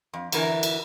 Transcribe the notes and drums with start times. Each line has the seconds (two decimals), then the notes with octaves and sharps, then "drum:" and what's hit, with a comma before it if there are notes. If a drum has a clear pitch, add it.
0.13 F2
0.32 F#2 D3 E3 E4 A#4 A#5, drum: cymbal
0.63 drum: cymbal